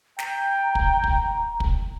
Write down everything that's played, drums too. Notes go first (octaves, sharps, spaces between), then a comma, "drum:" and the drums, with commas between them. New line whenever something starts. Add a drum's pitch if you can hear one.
G5 A#5, drum: snare
drum: kick
drum: kick
drum: kick